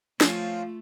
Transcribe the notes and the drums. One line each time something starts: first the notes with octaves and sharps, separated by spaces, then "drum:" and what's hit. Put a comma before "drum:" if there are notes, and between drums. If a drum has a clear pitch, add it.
F3 A3 C4 C#4 F4, drum: snare